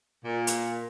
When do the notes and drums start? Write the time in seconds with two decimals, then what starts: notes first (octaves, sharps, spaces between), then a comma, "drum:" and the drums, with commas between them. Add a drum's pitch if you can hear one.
0.24 A#2
0.47 drum: hi-hat